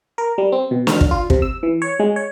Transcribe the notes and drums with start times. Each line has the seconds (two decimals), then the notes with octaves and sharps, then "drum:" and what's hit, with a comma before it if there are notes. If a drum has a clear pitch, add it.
0.18 A#4
0.38 G3
0.52 C4
0.71 B2
0.87 F6, drum: snare
1.01 drum: kick
1.11 F4
1.30 C3, drum: kick
1.42 E6
1.63 E3
1.82 C#5
2.00 G#3
2.16 C#5